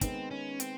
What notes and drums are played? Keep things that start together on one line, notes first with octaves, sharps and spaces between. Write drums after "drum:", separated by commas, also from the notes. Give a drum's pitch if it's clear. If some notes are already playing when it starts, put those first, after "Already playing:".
D#3 G#3 B3 C4, drum: kick, hi-hat
C#4
C4, drum: hi-hat